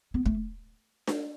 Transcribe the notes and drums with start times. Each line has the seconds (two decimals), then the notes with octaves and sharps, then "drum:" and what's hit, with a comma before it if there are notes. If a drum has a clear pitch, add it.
0.14 B3
0.26 A3, drum: kick
1.07 drum: snare D4